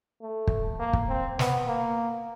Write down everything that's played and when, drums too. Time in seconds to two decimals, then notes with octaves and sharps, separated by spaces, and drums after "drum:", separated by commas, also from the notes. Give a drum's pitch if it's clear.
0.22 A3
0.47 drum: kick
0.80 A#3
0.93 drum: kick
1.09 C4
1.39 B3, drum: snare
1.67 A#3